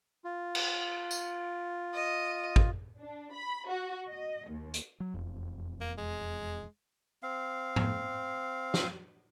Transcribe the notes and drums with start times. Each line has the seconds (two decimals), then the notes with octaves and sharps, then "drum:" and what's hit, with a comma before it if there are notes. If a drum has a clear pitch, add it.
0.24 F4
0.55 drum: cymbal
1.11 drum: tambourine
1.94 D#5
2.56 drum: kick G#1
2.98 D4
3.32 B5
3.69 F#4
4.09 D#5
4.49 D#2
4.74 drum: hi-hat
5.00 F#3
5.14 E1 F2
5.81 A#3
5.98 G#3
7.23 C4 F5
7.76 drum: tom
8.74 drum: snare